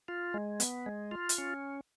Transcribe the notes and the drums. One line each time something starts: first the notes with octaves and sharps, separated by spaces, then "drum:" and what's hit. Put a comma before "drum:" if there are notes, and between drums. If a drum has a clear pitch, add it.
F4
G#3
B3, drum: hi-hat
G#3
F4
drum: hi-hat
C#4